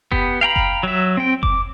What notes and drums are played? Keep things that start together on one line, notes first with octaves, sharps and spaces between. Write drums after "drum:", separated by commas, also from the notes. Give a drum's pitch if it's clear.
B3 G4, drum: kick F#1
F5 G5 A#5 B5
drum: kick F#1
F#3 E5
C4 G5
D6, drum: kick F#1